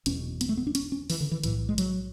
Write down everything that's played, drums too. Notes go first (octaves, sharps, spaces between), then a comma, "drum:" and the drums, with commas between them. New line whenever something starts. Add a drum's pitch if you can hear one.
F#1 E2 B2 C#4, drum: hi-hat
B3, drum: hi-hat
A3
B3
D4
C#4, drum: hi-hat
C#4
E3, drum: open hi-hat
D3
E3
B1 A2 E3, drum: hi-hat
G#3
F#3, drum: hi-hat